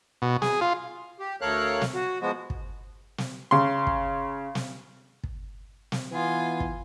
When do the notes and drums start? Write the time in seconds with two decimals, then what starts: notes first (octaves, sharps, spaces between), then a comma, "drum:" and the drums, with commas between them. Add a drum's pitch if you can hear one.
0.22 B2
0.42 G#4, drum: snare
0.61 F4
1.20 G4
1.41 D2 A4 A#4 C#5 F5 F#6
1.82 drum: snare
1.94 F#4
2.22 F3 G#3 B3 F#4
2.50 drum: kick
3.18 drum: snare
3.51 C#3 C6
3.87 drum: kick
4.55 drum: snare
5.24 drum: kick
5.92 drum: snare
6.12 E3 B3 F4 G#5
6.60 drum: kick